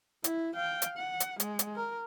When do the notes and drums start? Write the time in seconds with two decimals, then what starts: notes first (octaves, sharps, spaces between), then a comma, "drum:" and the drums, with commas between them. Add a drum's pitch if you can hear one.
0.24 E4, drum: hi-hat
0.55 F5 G5
0.82 drum: hi-hat
0.98 F#5
1.20 drum: hi-hat
1.40 G#3, drum: hi-hat
1.59 drum: hi-hat
1.75 A#4